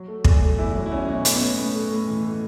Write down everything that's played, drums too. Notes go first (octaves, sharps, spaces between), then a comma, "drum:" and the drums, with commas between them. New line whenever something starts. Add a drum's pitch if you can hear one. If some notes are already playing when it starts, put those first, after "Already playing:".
Already playing: F#3
A3
E2, drum: kick
A3
E2 E4
F#3
E4
E2 C#4
B2
A2 C#4, drum: hi-hat
B3
A2
B3
A2
A3
A2
E3
A2